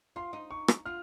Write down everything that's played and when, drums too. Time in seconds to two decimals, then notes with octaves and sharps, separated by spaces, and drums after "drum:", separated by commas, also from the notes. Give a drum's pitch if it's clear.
0.16 F4 C6
0.33 D#4
0.51 C#6
0.68 drum: rim click
0.86 F4 F6